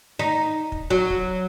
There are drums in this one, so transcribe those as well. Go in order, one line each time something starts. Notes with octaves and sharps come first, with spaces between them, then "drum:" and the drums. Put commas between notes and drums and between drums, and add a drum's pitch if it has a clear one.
D#4, drum: snare A3
drum: kick
F#3
drum: kick